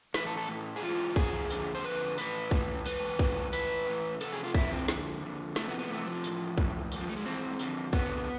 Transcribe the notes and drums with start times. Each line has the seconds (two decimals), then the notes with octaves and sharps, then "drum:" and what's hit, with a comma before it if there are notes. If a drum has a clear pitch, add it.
0.14 A2 E3 B4, drum: snare
0.26 A4
0.37 A4
0.49 A2 E3
0.76 G#4
0.82 G#2 E3 F4
1.16 G#2 E3 G#4, drum: kick
1.50 F2 D3, drum: tambourine
1.75 C5
1.84 F2 D3 B4
2.18 A2 E3 B4, drum: tambourine
2.51 A2 E3, drum: kick
2.86 G#2 E3 B4, drum: tambourine
3.19 G#2 E3, drum: kick
3.53 A2 E3 B4, drum: tambourine
3.86 A2 E3
4.21 F2 C3 A4, drum: tambourine
4.32 G#4
4.44 F4
4.54 F2 C3 E3 E4, drum: kick
4.71 C4
4.88 F2 D3, drum: snare
5.22 F2 D3
5.56 F2 C3 E3 A3, drum: snare
5.68 B3
5.79 B3
5.90 F2 C3 E3 A3
6.06 F3
6.24 A2 E3, drum: tambourine
6.58 A2 E3, drum: kick
6.92 G#2 E3, drum: tambourine
7.00 F3
7.09 A3
7.17 G#3
7.26 G#2 E3 C4
7.59 F2 D3, drum: tambourine
7.93 F2 D3 B3, drum: kick